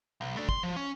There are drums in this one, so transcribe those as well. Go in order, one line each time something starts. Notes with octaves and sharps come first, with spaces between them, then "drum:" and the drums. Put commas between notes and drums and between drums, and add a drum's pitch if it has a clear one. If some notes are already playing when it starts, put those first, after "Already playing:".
B1
A3 D4
C6, drum: kick
F3
C#4